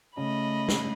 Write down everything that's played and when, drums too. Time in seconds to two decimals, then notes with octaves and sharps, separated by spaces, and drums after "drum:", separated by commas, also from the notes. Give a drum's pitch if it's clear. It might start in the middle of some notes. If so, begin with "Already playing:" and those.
0.17 C#3 A3 D#5 B5
0.68 drum: snare